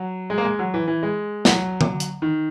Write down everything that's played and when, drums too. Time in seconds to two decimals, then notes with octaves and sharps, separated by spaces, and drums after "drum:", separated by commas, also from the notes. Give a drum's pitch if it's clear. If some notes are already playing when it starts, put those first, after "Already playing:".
Already playing: F#3
0.30 G#3
0.38 A#3
0.44 G#3
0.59 F#3
0.74 E3
0.87 E3
1.03 G#3
1.45 F#3, drum: snare
1.81 drum: tom D3
2.00 drum: hi-hat
2.22 D#3